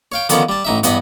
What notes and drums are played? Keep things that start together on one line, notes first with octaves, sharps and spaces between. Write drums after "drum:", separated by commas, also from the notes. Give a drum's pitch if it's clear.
C#5 F5 G5
D3 D#3 F3 B3 C#4, drum: hi-hat
G3 A5
A1 D#4 E5
E2 G2 B3 D#5 B5, drum: hi-hat